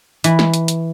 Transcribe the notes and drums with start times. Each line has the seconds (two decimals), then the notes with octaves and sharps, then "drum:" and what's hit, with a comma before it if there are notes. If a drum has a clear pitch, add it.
0.24 E3, drum: hi-hat
0.39 drum: snare
0.54 drum: hi-hat
0.68 drum: hi-hat